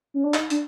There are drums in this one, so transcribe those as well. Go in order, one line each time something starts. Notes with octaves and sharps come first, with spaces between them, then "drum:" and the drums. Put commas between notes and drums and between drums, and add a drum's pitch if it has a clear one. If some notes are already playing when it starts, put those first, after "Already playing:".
C#4
D4
D#4, drum: clap
D4, drum: hi-hat